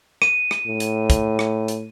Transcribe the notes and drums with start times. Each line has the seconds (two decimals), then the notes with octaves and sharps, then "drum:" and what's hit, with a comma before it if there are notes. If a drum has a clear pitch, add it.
0.22 D#7, drum: rim click
0.51 drum: rim click
0.67 A2
0.80 drum: hi-hat
1.10 drum: kick B1, hi-hat
1.39 drum: rim click
1.68 drum: hi-hat